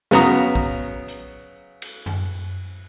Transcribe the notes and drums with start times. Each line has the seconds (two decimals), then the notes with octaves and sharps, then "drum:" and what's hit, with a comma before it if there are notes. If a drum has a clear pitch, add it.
0.11 C#3 F#3 B3 A#5 D#6, drum: snare
0.55 drum: kick
1.08 drum: hi-hat
1.82 drum: cymbal
2.06 drum: tom F#2